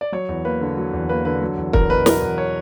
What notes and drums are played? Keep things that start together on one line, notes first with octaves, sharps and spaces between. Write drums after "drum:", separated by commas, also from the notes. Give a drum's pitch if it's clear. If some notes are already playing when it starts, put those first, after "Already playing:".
D5
F#3 C#5
E2
A#3 B4
D3
F#3
E2
A#3 B4
D3 B4
F#3
E2
E2 A#4, drum: kick
B2 B4
F#3 A#4, drum: snare
E2
C#5